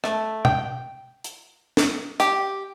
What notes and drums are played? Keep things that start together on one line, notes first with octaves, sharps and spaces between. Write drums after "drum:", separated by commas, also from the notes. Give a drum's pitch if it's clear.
A3, drum: rim click
G5, drum: tom B2
drum: hi-hat
drum: snare
G4, drum: hi-hat